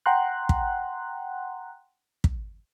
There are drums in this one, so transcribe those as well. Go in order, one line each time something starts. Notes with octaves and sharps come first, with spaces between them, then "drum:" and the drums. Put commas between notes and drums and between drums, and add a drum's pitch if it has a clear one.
F#5 G5 A#5 C6 F#6
drum: kick
drum: kick